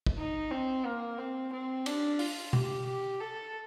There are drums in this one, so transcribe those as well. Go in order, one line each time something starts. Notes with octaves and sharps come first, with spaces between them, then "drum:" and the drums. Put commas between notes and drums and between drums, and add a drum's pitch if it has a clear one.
drum: kick
D#4
C4
A#3
C4
C4
D4, drum: cymbal
F4, drum: open hi-hat
G4, drum: tom B2
G4
A4